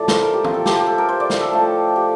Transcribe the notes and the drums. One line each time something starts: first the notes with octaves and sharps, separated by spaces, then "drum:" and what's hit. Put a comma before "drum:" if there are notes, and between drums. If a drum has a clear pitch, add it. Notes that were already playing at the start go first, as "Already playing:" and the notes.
Already playing: A2 F3 A3 D5
C5, drum: snare
A#4
G4
F4, drum: tom
A4
G4, drum: snare
G4
A4
A#4
C5
D5
C5, drum: snare
A4
A2 F3 A3
G4